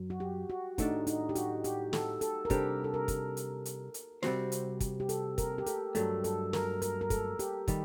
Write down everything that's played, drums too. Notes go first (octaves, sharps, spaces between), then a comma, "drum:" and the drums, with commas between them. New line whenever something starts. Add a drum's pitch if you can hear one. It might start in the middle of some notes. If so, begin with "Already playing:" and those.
Already playing: F#2 F#3
F#4
G4
F#4
A2 A3 D4 D#4, drum: kick, hi-hat
D#4, drum: hi-hat
G4
F#4, drum: hi-hat
G4, drum: hi-hat
A4, drum: snare
A4, drum: hi-hat
A#4
C3 G3 D4 G4 A4, drum: kick, hi-hat
A4
A#4
drum: kick, hi-hat
drum: hi-hat
drum: hi-hat
drum: hi-hat
C3 G3 C4 F#4 C5, drum: snare
drum: hi-hat
drum: kick, hi-hat
G4
A4, drum: hi-hat
A#4, drum: kick, hi-hat
G4
A4, drum: hi-hat
G2 F#3 A3 A4, drum: hi-hat
A4, drum: hi-hat
A#4, drum: snare
A#4, drum: hi-hat
A#4
A4, drum: kick, hi-hat
G4, drum: hi-hat
D#3 G3 G4, drum: kick, hi-hat